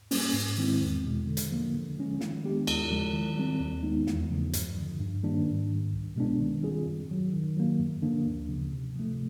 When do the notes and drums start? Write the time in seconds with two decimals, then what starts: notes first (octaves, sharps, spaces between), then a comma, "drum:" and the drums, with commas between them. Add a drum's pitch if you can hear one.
0.11 G3 A#3 C#4, drum: open hi-hat
0.33 G#2
0.57 D#3 G#3 C4 E4
0.81 E2
1.04 B2 G#3
1.27 D3
1.37 drum: hi-hat
1.51 F3 A#3
1.74 D3
1.97 F3 G#3 C#4
2.21 D#3, drum: snare
2.43 G#3 B3 D4 G4
2.67 D#2, drum: cymbal
2.90 C#3 F3 G#3
3.14 D#3
3.36 G3 C4
3.60 D#2
3.83 D#3 G#3 B3 D#4
4.07 E2, drum: snare
4.30 C#3 F3 A3
4.53 G2, drum: hi-hat
4.76 D3 F3
4.99 G2
5.24 D#3 G3 A#3 D4
5.47 G#2
5.70 D#3 G3
5.93 C2
6.16 B2 G#3 B3 D4
6.40 D#3
6.63 G3 C4 F4 G#4
6.87 F#2
7.10 D#3 F#3
7.33 D#3
7.56 F#3 A#3
7.79 F#2
8.02 D3 F3 A#3 D4
8.25 D2
8.49 C#3 F3
8.72 C3
8.96 F3 A3